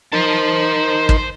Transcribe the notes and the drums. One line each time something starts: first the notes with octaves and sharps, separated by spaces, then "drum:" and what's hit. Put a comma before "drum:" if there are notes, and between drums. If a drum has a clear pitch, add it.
D#4 A#4 C5 A5 C6
drum: kick